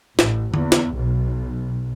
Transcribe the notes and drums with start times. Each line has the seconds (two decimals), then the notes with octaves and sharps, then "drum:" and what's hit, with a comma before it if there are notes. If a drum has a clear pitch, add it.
0.19 A1, drum: snare
0.54 E2, drum: tom D3
0.72 drum: snare
0.94 B1